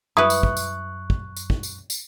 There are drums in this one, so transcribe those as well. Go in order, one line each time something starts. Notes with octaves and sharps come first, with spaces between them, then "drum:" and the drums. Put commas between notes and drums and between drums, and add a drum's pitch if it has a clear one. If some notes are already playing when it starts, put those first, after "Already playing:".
F#2 E4 B4 C#6 D#6 F#6
drum: tambourine
drum: kick
drum: tambourine
drum: kick
drum: tambourine
drum: kick
drum: tambourine
drum: tambourine